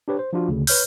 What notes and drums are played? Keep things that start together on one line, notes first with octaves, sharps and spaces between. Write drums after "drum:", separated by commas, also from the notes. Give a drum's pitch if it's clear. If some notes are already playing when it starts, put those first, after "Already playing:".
D4 G4 B4 C#5
C5
F3 D4 F4 F#4
D2 C#3
B4 C#5 F6 G6, drum: open hi-hat